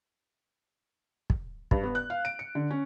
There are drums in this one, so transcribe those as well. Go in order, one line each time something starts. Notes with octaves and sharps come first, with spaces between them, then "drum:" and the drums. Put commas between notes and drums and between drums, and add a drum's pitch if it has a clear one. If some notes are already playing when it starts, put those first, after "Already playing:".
drum: kick
G2, drum: kick
B3
F#6
F5
D7
C#7
D3
C#4